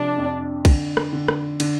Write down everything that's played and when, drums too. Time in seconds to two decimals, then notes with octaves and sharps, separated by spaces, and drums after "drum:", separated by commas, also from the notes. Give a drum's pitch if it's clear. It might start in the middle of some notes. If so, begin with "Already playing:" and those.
Already playing: C3 F3 D4
0.18 F2
0.65 D3, drum: kick B1, cymbal
0.97 drum: rim click
1.13 D3
1.28 drum: rim click
1.60 D3, drum: cymbal